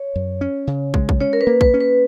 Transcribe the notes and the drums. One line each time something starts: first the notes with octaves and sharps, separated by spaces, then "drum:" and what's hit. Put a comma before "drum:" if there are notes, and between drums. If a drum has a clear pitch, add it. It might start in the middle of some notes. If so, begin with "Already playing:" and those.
Already playing: C#5
F#2
C#4
C#3
G#3, drum: kick
drum: kick
C#4 C#5
A#4
B4
A#3
B4, drum: kick
C#4
B4